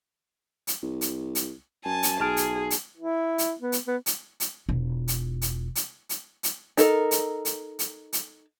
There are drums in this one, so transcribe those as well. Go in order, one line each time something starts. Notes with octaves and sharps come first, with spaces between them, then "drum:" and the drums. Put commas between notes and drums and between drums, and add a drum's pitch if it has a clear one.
drum: hi-hat
C2
drum: hi-hat
drum: hi-hat
F#2 G#5 A5
drum: hi-hat
B1 G#4 A5 F6 D7
drum: hi-hat
drum: hi-hat
E4
drum: hi-hat
B3
drum: hi-hat
B3
drum: hi-hat
drum: hi-hat
E1 F4
drum: hi-hat
drum: hi-hat
drum: hi-hat
drum: hi-hat
drum: hi-hat
D#4 A4 A#4, drum: hi-hat
drum: hi-hat
drum: hi-hat
drum: hi-hat
drum: hi-hat